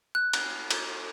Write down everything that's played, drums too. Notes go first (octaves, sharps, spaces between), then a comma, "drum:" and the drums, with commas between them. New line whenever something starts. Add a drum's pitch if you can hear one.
F#6
drum: cymbal
drum: cymbal